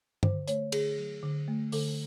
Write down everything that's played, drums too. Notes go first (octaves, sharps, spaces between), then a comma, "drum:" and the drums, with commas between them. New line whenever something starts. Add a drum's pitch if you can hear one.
D3 C5, drum: tom G2
A3 C#5, drum: hi-hat
D3 G#4, drum: cymbal
F#3
D3
A3
D3 A4, drum: open hi-hat